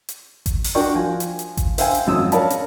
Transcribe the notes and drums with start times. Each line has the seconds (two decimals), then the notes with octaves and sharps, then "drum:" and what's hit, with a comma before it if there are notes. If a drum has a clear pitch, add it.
0.09 drum: hi-hat
0.46 drum: kick G#1, hi-hat
0.64 drum: open hi-hat
0.75 D4 F#4 A#4 D5 G5 C#6
0.95 F3 G#5
1.20 drum: hi-hat
1.39 drum: hi-hat
1.57 drum: kick G#1, hi-hat
1.78 C5 E5 F5 G5 G#5, drum: open hi-hat
1.95 drum: hi-hat
2.07 G#1 F#2 F3 D#6 E6
2.32 A#4 C#5 D5 F5 A5 B5, drum: hi-hat
2.50 drum: hi-hat